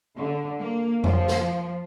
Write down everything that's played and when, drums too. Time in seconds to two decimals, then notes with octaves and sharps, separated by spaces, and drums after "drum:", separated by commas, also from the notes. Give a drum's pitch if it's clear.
0.16 D3
0.60 A#3
1.04 F3, drum: tom F2
1.28 drum: snare